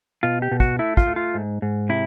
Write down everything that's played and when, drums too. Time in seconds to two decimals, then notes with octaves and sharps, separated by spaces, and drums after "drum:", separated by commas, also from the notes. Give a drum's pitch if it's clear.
0.23 B2 F4
0.42 G4
0.51 B2
0.60 F#4, drum: kick
0.79 A3 E4
0.97 F4, drum: kick
1.07 A3
1.16 F4
1.34 G#2
1.62 G#2
1.89 C3 E4